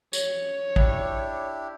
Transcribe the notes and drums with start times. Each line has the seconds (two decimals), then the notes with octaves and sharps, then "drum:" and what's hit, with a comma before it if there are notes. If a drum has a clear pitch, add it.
0.13 C#5, drum: tambourine
0.76 D4 E4 G4, drum: kick